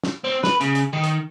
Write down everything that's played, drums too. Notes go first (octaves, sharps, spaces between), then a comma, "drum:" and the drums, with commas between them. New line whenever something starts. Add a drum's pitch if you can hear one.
drum: snare
C4
B4, drum: snare
C#3, drum: hi-hat
drum: hi-hat
D#3
drum: hi-hat